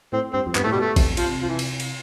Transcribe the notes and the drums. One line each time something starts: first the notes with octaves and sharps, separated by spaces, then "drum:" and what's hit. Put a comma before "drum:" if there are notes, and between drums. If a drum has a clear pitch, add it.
A2 C4
G2 C4
F2
G2 B3, drum: clap
A2 A3
B2 G3
A3
C3, drum: kick, cymbal
C3 F3, drum: cymbal
F3
E3
drum: cymbal
drum: cymbal